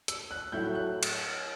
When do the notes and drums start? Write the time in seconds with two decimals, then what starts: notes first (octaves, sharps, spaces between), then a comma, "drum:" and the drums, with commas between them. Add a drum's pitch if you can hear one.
0.08 E6, drum: hi-hat
0.31 F#6
0.52 A2 F#3 A3 E4 G6
0.75 F#6
1.03 drum: cymbal